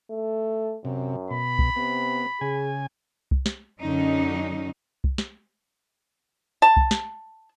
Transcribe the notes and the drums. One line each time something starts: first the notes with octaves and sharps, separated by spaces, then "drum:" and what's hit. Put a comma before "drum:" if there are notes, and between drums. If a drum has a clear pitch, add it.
A3
F#2 C3
B2 B5
drum: kick C2
C3 B3
C#3 G#4 G#5
drum: kick C2
drum: snare
F#2 D3 C#4 D#4
drum: kick C2
drum: snare
A5
drum: kick C2
drum: snare